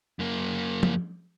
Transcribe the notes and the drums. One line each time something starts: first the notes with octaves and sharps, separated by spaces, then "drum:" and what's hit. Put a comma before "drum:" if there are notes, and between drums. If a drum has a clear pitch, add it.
F#2 A#3
drum: tom F3